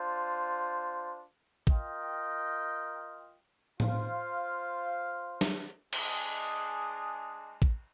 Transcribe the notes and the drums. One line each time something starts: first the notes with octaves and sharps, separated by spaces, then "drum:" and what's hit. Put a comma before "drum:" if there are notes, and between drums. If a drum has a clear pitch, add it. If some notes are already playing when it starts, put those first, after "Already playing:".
Already playing: D4 F4 C5
F4 A#4 D#5 G5, drum: kick
F4 C5 F5, drum: tom A2
drum: snare
G#3 D4 G#4 D#5, drum: cymbal
drum: kick